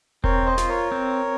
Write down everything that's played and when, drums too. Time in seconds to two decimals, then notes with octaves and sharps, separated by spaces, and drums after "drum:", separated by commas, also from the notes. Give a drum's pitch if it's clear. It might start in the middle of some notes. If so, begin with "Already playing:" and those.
0.24 C4 A#4 C#5, drum: kick E1
0.46 C5 D#5
0.58 F4, drum: snare
0.69 A#4 C#5
0.91 C4